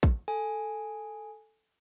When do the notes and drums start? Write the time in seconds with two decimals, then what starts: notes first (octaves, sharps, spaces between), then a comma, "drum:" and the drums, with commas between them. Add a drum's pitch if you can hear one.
0.03 drum: kick
0.28 A4 G#5